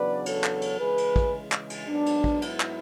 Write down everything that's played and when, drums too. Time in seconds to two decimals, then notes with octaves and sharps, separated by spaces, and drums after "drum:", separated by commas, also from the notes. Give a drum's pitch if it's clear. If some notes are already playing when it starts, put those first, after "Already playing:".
Already playing: E2 C#3 F#3 B3 D4 B4 D5
0.26 A4 C#5, drum: cymbal
0.44 drum: clap
0.62 drum: cymbal
0.80 C#3 E3 G#3 G#4 B4
0.98 drum: cymbal
1.16 drum: kick
1.52 drum: clap
1.70 drum: cymbal
1.88 G#2 F#3 B3 D4
2.06 drum: cymbal
2.24 drum: kick
2.42 E4, drum: cymbal
2.60 drum: clap